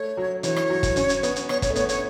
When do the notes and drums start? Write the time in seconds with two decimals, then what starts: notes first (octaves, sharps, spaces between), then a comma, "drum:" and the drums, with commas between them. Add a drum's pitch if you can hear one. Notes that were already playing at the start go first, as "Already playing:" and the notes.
Already playing: A3 C#5
0.17 F#3
0.43 E3 C#5, drum: hi-hat
0.56 drum: rim click
0.70 F#3
0.83 drum: kick, hi-hat
0.96 C#4, drum: hi-hat
1.09 drum: hi-hat
1.23 B3, drum: hi-hat
1.36 drum: hi-hat
1.49 B3 C#5, drum: rim click
1.62 C#5, drum: kick, hi-hat
1.70 A3
1.76 B3 C#5, drum: hi-hat
1.89 C#5, drum: hi-hat